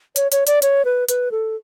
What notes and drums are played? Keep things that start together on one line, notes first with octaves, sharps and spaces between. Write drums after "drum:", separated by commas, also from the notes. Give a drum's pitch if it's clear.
C#5, drum: hi-hat
C#5, drum: hi-hat
D5, drum: hi-hat
C#5, drum: hi-hat
B4
B4, drum: hi-hat
A4